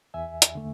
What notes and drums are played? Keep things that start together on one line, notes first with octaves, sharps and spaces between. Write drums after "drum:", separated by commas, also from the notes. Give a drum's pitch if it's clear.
E2 E5 G#5
drum: hi-hat
D3 A3